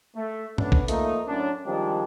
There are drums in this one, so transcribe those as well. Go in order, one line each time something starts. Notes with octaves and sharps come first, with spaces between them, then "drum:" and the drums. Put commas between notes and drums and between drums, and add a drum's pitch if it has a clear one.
A3
A3 B3 C#4 D4, drum: tom G2
drum: kick A#1
F3 A3 A#3 D#4, drum: hi-hat
F#2 A2 C#4 D4
D#3 F3 G3 G#3 C4 D4